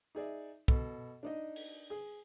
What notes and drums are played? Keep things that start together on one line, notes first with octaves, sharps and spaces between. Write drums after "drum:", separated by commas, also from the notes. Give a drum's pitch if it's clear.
D#4 G#4 D5 E5
B2 A4, drum: kick
D4 D#4 D#5
drum: open hi-hat
G#4